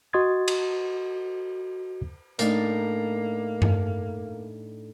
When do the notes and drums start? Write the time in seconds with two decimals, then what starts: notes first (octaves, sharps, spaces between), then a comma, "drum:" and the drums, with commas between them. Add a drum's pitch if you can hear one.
0.13 F#4 D#5 C6 D#6 G#6 A6
0.48 drum: cymbal
2.39 A2 A#3 D4 D#4, drum: hi-hat
3.62 drum: tom G2